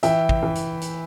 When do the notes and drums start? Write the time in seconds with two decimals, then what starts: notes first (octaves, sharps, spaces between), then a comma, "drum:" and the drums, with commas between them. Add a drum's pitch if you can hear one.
0.03 E3 E5 G5, drum: hi-hat
0.29 drum: kick
0.43 E3
0.55 drum: hi-hat
0.81 drum: hi-hat